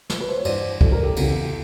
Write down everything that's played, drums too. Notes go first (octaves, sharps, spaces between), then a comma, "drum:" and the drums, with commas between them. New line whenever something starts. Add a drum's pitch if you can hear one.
drum: snare
B4
C5
C#5
G2 E3 C5 D5, drum: cymbal
G2 E3 A4, drum: kick C2
A#4
G4 A4
E2 C#3 E3, drum: cymbal